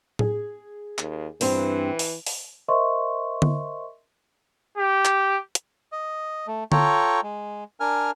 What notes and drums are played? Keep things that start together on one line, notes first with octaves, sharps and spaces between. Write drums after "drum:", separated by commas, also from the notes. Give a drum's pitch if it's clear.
G#4, drum: tom A2
D#2, drum: clap
G2 E3 C4, drum: open hi-hat
drum: open hi-hat
drum: open hi-hat
A#4 C5 D#5 E5 C6 C#6
drum: tom D3
G4
drum: clap
drum: hi-hat
D#5
A3
F4 A4 C#5 G5 A#5 C#6, drum: tom D3
G#3
D4 A#4 G#5 F6